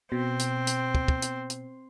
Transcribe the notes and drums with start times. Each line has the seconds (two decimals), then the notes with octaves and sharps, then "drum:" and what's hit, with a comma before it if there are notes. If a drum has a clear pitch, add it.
0.12 B2 C4
0.39 drum: hi-hat
0.67 drum: hi-hat
0.95 drum: kick
1.08 drum: kick
1.22 drum: hi-hat
1.50 drum: hi-hat